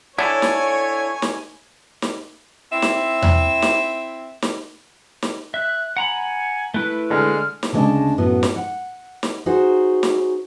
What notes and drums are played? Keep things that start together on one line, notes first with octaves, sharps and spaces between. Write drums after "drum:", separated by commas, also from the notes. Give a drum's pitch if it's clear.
D3 E4 A4 C#5 G#5
drum: snare
drum: snare
drum: snare
C4 E4 E5
drum: snare
drum: tom E2
drum: snare
drum: snare
drum: snare
E5 F#6
F#5 G#5 A#5 B5
A3 E4 B4 F#6
D3 G#3 F6
drum: snare
D2 C#3 G#3 D4 D#5 A5
F#2 A2 B3 F#4
drum: snare
F#5
drum: snare
D#4 F#4 G#4 C5 C#5
drum: snare